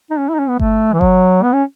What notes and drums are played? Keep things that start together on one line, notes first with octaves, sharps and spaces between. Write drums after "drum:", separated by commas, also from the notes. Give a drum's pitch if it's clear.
D#4
C#4
E4
D#4
C#4
B3
A3, drum: kick G1
E3
F#3, drum: kick G1
B3
C#4